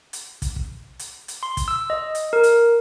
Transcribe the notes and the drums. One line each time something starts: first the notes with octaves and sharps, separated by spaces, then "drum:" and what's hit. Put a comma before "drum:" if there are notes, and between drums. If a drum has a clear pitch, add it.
drum: hi-hat
drum: kick, hi-hat
drum: kick
drum: hi-hat
drum: hi-hat
C6
drum: kick, hi-hat
E6
D#5
drum: hi-hat
A#4
drum: hi-hat